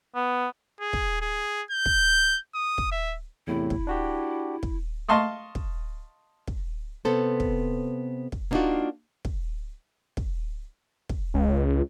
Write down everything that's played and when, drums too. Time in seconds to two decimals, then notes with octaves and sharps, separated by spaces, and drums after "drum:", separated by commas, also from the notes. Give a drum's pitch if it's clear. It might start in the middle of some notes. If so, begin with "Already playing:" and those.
0.15 B3
0.80 G#4
0.93 drum: kick
1.21 G#4
1.71 G6
1.86 drum: kick
2.55 D#6
2.78 drum: kick
2.92 E5
3.47 E2 A2 C3 E4
3.70 drum: kick
3.87 D4 F#4 G4
4.63 drum: kick
5.09 D#5 F5 A5 C6 C#6 D#6
5.55 drum: kick
6.47 drum: kick
7.05 C3 B3 A4 C5
7.40 drum: kick
8.32 drum: kick
8.51 A#3 B3 D4 D#4 F4 F#4
9.25 drum: kick
10.17 drum: kick
11.09 drum: kick
11.34 C#2